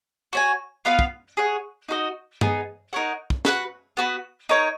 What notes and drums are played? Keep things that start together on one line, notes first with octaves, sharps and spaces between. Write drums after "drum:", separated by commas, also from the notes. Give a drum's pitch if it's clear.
F#4 C#5 G#5
B3 F4 B4 F5
drum: kick
G#4 C#5 F#5
D#4 F#4 B4 D#5
B3 D#4 G#4, drum: tom
D#4 A#4 C#5 F#5
drum: kick
F#4 B4 F#5, drum: snare
B3 F#4 B4
D#4 A#4 C#5